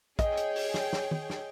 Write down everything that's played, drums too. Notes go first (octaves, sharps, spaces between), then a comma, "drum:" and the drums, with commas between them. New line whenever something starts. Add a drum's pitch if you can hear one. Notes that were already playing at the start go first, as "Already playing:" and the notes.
G#4 C#5 D#5 G5, drum: kick, hi-hat
drum: hi-hat
drum: open hi-hat
drum: snare
drum: snare
drum: tom
drum: snare